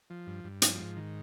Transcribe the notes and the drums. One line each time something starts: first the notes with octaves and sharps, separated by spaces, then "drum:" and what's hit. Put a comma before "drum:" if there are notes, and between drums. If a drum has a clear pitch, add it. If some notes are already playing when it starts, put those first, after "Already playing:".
F3
G2
G2
F3, drum: hi-hat
G#2
D#3